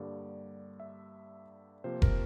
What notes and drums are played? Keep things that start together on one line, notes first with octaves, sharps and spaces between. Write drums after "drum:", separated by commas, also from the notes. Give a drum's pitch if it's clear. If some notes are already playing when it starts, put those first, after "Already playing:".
Already playing: G2 D3 G3 A#3 D5
E5
C3 F3 A#3 C5
A#4, drum: kick F1